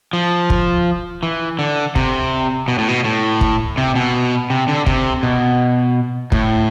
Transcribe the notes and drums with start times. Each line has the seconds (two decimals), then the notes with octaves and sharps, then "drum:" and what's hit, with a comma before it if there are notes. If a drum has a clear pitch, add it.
0.13 F3
0.50 drum: kick
1.23 E3
1.59 D3
1.95 C3, drum: kick
2.68 B2
2.78 A2
2.88 B2
3.04 A2
3.41 drum: kick
3.78 C3
3.96 B2
4.50 C3
4.68 D3
4.86 C3, drum: kick
5.23 B2
6.32 A2, drum: kick